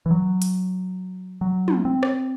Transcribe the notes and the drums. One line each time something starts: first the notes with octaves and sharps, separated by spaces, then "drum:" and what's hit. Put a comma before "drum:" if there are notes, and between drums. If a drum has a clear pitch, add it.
E3
F#3
drum: hi-hat
F#3
drum: tom
C4
drum: rim click